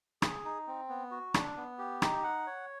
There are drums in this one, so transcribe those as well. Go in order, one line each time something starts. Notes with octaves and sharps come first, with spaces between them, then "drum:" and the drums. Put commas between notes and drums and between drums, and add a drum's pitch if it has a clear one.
G#4, drum: rim click
D#4
C4
B3
F#4
D4, drum: rim click
B3
G4
D#4, drum: rim click
F#5
C#5